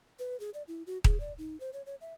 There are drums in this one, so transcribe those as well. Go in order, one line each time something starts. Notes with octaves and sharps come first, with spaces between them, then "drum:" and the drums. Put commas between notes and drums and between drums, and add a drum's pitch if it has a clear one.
B4
G#4
D5
E4
F#4
G#4, drum: kick D#1
D5
D#4
C5
C#5
C#5
E5